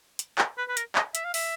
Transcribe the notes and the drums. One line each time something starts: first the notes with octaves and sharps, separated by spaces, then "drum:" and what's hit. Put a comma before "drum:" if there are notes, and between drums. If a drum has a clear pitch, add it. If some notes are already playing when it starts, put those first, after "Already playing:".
drum: hi-hat
drum: clap
B4
B4
A#4, drum: hi-hat
D#5, drum: clap
E5, drum: hi-hat
F5
E5, drum: open hi-hat